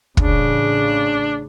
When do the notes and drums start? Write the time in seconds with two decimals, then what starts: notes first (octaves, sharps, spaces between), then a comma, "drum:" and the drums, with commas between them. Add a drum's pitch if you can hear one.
0.17 A1 C#3 D4, drum: kick